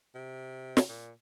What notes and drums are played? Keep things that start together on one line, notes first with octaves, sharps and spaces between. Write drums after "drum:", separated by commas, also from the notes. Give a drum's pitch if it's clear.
C3
drum: snare
A#2